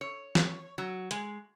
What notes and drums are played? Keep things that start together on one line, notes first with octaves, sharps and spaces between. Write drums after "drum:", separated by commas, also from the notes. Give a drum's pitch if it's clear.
C#5
drum: snare
F#3
G#3, drum: hi-hat